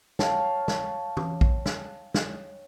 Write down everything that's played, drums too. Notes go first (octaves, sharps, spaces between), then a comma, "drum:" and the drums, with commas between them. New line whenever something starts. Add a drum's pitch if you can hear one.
C#5 F5 G5 A5, drum: snare
drum: snare
drum: tom
drum: kick A#1
drum: snare
drum: snare